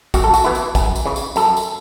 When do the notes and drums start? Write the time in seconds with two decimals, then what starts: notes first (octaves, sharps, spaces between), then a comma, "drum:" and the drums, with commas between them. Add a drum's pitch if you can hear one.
0.14 F#2 F#4, drum: kick, tambourine
0.24 A4
0.33 F#4, drum: tambourine
0.44 E3 B3 E4
0.55 drum: tambourine
0.75 F#2, drum: kick, tambourine
0.96 drum: tambourine
1.06 C#3 E3
1.16 drum: tambourine
1.36 F#2 A4, drum: tambourine
1.57 drum: tambourine